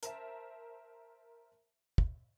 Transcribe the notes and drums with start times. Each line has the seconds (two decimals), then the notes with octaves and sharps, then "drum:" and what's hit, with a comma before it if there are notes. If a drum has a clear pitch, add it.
0.03 A#4 C5 E5 A5, drum: hi-hat
1.98 drum: kick